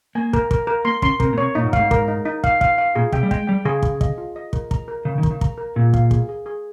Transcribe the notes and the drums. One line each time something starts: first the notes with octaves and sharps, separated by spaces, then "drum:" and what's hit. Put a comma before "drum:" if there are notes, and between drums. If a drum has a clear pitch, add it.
A#3 G#5
A#4, drum: kick
A#4, drum: kick
A#4
A#3 C6
C#3 C6, drum: kick
C3 A#4, drum: kick
A#2
C3 C#5
A#2 D#4
G#2
F5, drum: kick
G#2
A#4, drum: kick
D#4
D#4
F5, drum: kick
F5, drum: kick
F5
A#2 G#4
C3 G5, drum: kick
G3
G#3 G5, drum: kick
G3 G5
C#3 G#4
G#4, drum: kick
D#5, drum: kick
F4
D#5
A#4, drum: kick
A#5, drum: kick
A#4
C#3 A#4
D#3
A#4, drum: kick
C#3
A#5, drum: kick
A#4
A#2 G#4
F5, drum: kick
G#4, drum: kick
G#4
G#4